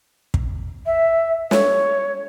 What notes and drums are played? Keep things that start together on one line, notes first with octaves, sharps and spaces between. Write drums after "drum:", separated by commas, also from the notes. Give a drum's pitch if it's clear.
drum: kick
E5
C#5, drum: snare